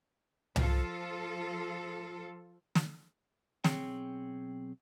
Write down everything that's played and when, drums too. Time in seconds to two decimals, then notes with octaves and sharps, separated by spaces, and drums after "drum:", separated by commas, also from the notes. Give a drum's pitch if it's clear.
0.56 F3 F4 A4, drum: tom C2
2.75 drum: snare
3.64 B1 C4 G#4 C#5 G5, drum: snare